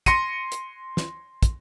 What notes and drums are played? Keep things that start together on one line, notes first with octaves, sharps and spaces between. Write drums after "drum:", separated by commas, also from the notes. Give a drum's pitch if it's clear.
C6 A#6 C#7 D#7, drum: kick, hi-hat
drum: hi-hat
drum: snare
drum: kick, hi-hat